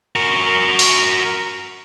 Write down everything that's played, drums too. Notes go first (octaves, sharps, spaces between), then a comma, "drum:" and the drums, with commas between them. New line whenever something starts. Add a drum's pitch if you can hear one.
F#4 A#4
drum: open hi-hat